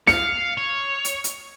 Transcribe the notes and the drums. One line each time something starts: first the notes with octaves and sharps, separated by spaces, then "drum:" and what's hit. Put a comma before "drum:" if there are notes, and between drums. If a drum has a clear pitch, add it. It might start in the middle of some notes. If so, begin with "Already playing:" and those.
F5 C#7, drum: snare
C#5
drum: hi-hat
drum: hi-hat